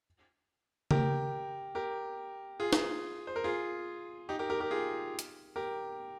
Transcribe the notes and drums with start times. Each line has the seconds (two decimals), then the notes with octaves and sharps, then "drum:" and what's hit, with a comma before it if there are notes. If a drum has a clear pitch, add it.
0.91 G4 A#4, drum: tom C#3
1.75 G4 A#4
2.60 F4 G#4
2.73 drum: snare
3.27 C5
3.36 A#4
3.44 F4 G#4
4.29 D#4 G4
4.39 G4 A#4
4.50 G4 A#4
4.60 G4 A#4
4.71 F4 G#4
5.19 drum: hi-hat
5.56 G4 A#4